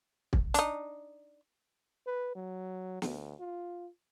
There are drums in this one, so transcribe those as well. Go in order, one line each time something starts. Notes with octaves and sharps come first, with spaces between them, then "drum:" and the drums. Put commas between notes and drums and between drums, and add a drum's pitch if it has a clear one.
drum: kick
D4 D#4, drum: hi-hat
B4
F#3
D2, drum: snare
F4